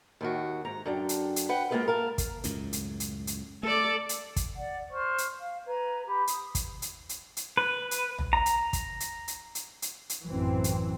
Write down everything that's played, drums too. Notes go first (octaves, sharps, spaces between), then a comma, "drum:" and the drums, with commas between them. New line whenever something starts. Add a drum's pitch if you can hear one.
D#2 D#3 F#4
G#2 A#5
F#2 D3 D4 G5
drum: hi-hat
drum: hi-hat
B4 F#5 G5
G#3 A#3 C4 F4 G#4 B4
A#4 F5 A5
drum: kick, hi-hat
C#2 F#2 A2, drum: hi-hat
drum: hi-hat
drum: hi-hat
drum: hi-hat
A3 A4 D5
drum: hi-hat
drum: kick, hi-hat
D5 F#5
C5 C#6 F6
drum: hi-hat
F5
B4 A#5 G#6
G4 B5
D#6, drum: hi-hat
drum: kick, hi-hat
drum: hi-hat
drum: hi-hat
drum: hi-hat
B4
drum: hi-hat
drum: tom
A#5
drum: hi-hat
drum: kick, hi-hat
drum: hi-hat
drum: hi-hat
drum: hi-hat
drum: hi-hat
drum: hi-hat
A1 F#2 E3 C4
drum: hi-hat